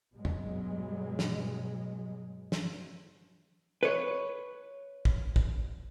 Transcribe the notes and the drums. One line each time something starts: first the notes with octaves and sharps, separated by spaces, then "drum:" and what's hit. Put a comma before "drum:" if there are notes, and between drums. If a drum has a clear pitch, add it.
G2 B2 F#3 G#3
drum: tom
drum: snare
drum: snare
B4 C#5
drum: kick
drum: kick